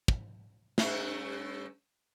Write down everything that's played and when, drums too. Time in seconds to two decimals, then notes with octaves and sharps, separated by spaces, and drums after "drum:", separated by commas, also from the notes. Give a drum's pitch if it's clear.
0.08 drum: kick
0.78 G2 A3 C#4, drum: snare